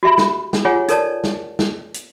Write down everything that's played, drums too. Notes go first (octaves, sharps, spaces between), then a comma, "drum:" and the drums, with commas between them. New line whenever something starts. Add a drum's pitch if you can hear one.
F#4 G4 E5 B5
drum: snare
drum: snare
F4 G4 G#4 C#5 F#5 G#5
D#4 A4 A#4 C#5 D5 A5, drum: hi-hat
drum: snare
drum: snare
drum: hi-hat